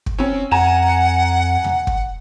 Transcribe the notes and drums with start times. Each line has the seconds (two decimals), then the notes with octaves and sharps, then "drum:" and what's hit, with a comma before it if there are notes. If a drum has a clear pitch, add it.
0.06 drum: kick
0.19 C4 C#4
0.51 F2 F#5 G#5 A#5 E7
1.64 drum: tom E2
1.87 drum: kick